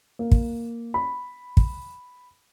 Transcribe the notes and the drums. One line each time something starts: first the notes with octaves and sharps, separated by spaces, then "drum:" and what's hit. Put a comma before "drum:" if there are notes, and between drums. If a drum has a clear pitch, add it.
A#3
drum: kick
B5
drum: kick